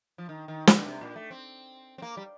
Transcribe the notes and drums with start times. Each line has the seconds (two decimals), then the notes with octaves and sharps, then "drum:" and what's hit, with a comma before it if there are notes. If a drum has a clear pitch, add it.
0.18 F3
0.29 D#3
0.48 D#3
0.67 D3, drum: snare
0.86 C3
1.01 A#2
1.16 A3
1.31 C4
1.98 C4
2.02 A#3
2.17 G3